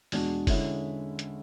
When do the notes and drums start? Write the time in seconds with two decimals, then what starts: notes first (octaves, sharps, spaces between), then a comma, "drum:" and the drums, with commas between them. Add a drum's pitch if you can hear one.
0.12 E2 B2 G#3 D4 F#4, drum: open hi-hat
0.47 D3 G#3 C#4 E4, drum: kick, open hi-hat
1.19 drum: hi-hat